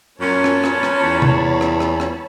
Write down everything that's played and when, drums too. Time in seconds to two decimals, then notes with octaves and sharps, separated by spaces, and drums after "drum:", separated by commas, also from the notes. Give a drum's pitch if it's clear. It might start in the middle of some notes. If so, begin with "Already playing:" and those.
0.20 F#2 A#2 C#4 C#5 A5 B5
0.44 drum: rim click
0.64 drum: rim click
0.83 drum: rim click
1.03 E2
1.22 drum: tom C3
1.61 drum: rim click
1.80 drum: rim click
2.00 drum: rim click